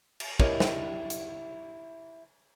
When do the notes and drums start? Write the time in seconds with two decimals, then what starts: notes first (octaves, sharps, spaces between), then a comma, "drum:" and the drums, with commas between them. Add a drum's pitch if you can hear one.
0.20 drum: cymbal
0.40 E4 G4 A#4 C#5 D#5, drum: kick
0.60 drum: snare
1.10 drum: hi-hat